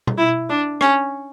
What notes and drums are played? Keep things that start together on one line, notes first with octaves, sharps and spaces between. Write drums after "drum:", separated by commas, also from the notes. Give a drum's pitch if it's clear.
drum: tom B2
E4
D4
C#4, drum: rim click